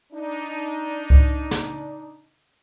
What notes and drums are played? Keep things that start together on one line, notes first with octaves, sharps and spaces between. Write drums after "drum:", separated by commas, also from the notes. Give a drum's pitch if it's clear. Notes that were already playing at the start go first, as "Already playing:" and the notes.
D4 D#4
drum: kick C2
drum: snare